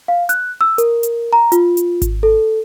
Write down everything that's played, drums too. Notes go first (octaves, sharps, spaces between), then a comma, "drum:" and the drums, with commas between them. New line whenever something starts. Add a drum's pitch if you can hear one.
F5
F#6, drum: hi-hat
E6
A#4, drum: hi-hat
drum: hi-hat
A#5
F4, drum: hi-hat
drum: hi-hat
drum: kick G#1, hi-hat
A4